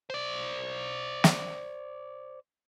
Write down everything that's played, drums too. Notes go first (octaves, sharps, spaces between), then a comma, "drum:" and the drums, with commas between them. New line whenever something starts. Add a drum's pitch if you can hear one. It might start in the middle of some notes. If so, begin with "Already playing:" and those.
C5 D5
drum: snare